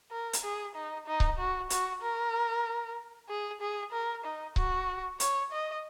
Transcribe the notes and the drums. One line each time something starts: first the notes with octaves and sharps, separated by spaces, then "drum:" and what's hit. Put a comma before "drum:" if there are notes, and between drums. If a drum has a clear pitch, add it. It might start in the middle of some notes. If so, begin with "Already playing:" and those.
A#4
drum: hi-hat
G#4
D#4
D#4
drum: kick C#1
F#4
F#4, drum: hi-hat
A#4
G#4
G#4
A#4
D#4
F#4, drum: kick C#1
C#5, drum: hi-hat
D#5